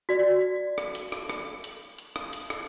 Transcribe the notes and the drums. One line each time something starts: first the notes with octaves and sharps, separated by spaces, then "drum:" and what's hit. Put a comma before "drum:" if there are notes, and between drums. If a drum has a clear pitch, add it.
F#4 D5
drum: rim click
drum: hi-hat
drum: rim click
drum: rim click
drum: hi-hat
drum: hi-hat
drum: rim click
drum: hi-hat
drum: rim click